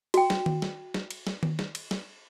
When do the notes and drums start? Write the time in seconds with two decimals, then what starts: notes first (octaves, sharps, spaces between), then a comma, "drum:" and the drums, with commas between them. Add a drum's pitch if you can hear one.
0.14 F#4 G5, drum: cymbal
0.30 drum: snare
0.46 drum: tom D#3
0.62 drum: snare
0.94 drum: snare
1.11 drum: cymbal
1.27 drum: snare
1.43 drum: tom D#3
1.59 drum: snare
1.75 drum: cymbal
1.91 drum: snare